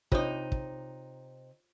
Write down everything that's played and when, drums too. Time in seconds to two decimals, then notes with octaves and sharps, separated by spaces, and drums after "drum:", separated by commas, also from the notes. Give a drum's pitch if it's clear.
0.12 C3 D#4 F4 C5 C#5, drum: kick
0.52 drum: kick